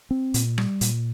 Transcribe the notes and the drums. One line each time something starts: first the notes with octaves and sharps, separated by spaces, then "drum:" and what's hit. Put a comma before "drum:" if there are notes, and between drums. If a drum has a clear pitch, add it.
C4
A#2, drum: hi-hat
G3, drum: rim click
A#2, drum: hi-hat